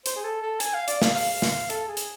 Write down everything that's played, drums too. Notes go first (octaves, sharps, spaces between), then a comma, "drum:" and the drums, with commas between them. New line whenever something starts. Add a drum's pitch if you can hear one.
C5, drum: hi-hat
G#4
A4
A4
G#5, drum: hi-hat
F5
D5, drum: hi-hat
F5, drum: snare
F5, drum: open hi-hat
drum: snare
A4, drum: hi-hat
G#4
drum: hi-hat